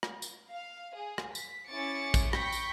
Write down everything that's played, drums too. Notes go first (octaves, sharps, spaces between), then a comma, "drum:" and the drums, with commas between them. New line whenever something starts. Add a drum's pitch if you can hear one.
drum: rim click
drum: tambourine
F5
G#4
drum: rim click
B6, drum: tambourine
C#4 E4 G#4 D6 A6 C#7
drum: kick, tambourine
G5 B5 C#6 G6 A#6 B6, drum: rim click
drum: tambourine